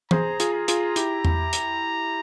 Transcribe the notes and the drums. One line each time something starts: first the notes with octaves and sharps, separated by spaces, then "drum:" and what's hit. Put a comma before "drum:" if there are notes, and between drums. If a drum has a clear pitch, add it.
G#4 C5 A#5, drum: tom E3
F4 G#4, drum: hi-hat
A#5
F4 G#4, drum: hi-hat
E4 G4, drum: hi-hat
drum: tom E2
drum: hi-hat